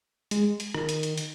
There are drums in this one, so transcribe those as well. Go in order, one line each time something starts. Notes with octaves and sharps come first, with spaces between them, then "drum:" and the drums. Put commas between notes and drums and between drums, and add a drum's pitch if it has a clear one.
G#3, drum: hi-hat
drum: hi-hat
D#3, drum: rim click
drum: hi-hat
drum: hi-hat
drum: hi-hat